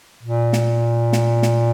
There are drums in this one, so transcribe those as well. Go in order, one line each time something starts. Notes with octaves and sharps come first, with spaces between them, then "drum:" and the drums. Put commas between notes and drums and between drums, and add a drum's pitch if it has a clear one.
A#2
drum: snare
drum: snare
drum: snare